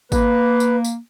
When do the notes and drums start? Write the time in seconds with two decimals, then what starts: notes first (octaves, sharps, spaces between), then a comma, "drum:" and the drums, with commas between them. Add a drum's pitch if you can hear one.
0.12 A#3 B4, drum: kick G#1, tambourine
0.60 drum: tambourine
0.84 drum: tambourine